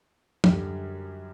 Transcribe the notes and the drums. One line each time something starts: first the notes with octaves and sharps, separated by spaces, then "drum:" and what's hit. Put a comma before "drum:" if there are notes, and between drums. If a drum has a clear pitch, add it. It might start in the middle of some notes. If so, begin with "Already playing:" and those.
F#2 D3 G3, drum: tom